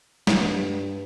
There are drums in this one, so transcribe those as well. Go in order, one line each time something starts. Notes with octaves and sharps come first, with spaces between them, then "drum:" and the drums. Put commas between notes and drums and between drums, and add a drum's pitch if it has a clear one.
G2, drum: snare